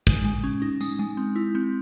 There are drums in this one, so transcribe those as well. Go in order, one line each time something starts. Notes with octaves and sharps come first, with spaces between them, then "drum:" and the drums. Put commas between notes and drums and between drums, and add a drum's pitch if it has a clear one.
G#3, drum: kick
G#3
C#4
D#4
G#3, drum: tambourine
G#3
C4
E4
C4